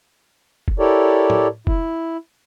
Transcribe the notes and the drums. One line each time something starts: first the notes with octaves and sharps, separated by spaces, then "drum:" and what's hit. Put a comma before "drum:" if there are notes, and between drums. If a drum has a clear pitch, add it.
drum: kick
E4 G4 A4 A#4 C#5 D5
drum: tom A2
E4, drum: kick